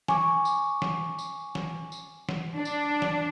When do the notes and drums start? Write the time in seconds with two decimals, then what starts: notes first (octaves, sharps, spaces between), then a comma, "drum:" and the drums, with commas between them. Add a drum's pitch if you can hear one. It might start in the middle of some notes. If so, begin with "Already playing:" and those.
0.08 G#5 C#6 D6, drum: snare
0.45 drum: tambourine
0.82 drum: snare
1.19 drum: tambourine
1.55 drum: snare
1.92 drum: tambourine
2.29 drum: snare
2.54 D4
2.65 drum: tambourine
3.02 drum: snare